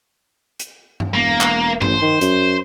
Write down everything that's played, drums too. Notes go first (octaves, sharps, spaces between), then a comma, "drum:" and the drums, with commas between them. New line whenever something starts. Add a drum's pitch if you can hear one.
drum: hi-hat
drum: tom G2
E1 A#3
drum: clap
A1 C5, drum: tom G2
D#3
F#2, drum: hi-hat